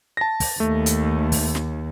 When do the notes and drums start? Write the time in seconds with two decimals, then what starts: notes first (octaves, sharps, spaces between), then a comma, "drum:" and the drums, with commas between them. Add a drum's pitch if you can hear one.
0.17 A5 A#6
0.40 drum: kick, open hi-hat
0.60 D#2 A3
0.86 drum: hi-hat
1.32 drum: kick, open hi-hat
1.55 drum: snare